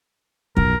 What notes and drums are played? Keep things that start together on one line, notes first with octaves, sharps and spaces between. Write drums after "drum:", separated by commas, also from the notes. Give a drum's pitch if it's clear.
B1 F2 A#4, drum: kick